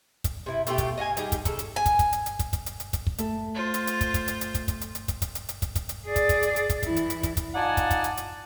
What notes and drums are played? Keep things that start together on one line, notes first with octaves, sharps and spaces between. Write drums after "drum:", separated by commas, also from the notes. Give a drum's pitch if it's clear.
drum: kick, hi-hat
C3 E4
B2 A3 F4 G4, drum: hi-hat
drum: kick, hi-hat
D#5 F5 F#5 G#5
G3 D#4 G4 G#4, drum: hi-hat
drum: kick, hi-hat
C#3 A4, drum: kick, hi-hat
drum: hi-hat
G#5
drum: kick, hi-hat
drum: kick, hi-hat
drum: hi-hat
drum: hi-hat
drum: kick, hi-hat
drum: kick, hi-hat
drum: hi-hat
drum: hi-hat
drum: kick, hi-hat
drum: kick
A3 A4, drum: hi-hat
F4 C5
drum: hi-hat
drum: hi-hat
drum: kick, hi-hat
drum: kick, hi-hat
drum: hi-hat
drum: hi-hat
drum: kick, hi-hat
drum: kick, hi-hat
drum: hi-hat
drum: hi-hat
drum: kick, hi-hat
drum: kick, hi-hat
drum: hi-hat
drum: hi-hat
drum: kick, hi-hat
drum: kick, hi-hat
drum: hi-hat
G#4 D5
drum: kick, hi-hat
drum: kick, hi-hat
drum: hi-hat
drum: hi-hat
drum: kick, hi-hat
E3 E4, drum: kick, hi-hat
drum: hi-hat
drum: hi-hat
drum: kick, hi-hat
drum: kick, hi-hat
D#4 F4 D5 F#5 G#5 A5
drum: kick, hi-hat
drum: kick, hi-hat
drum: hi-hat
drum: hi-hat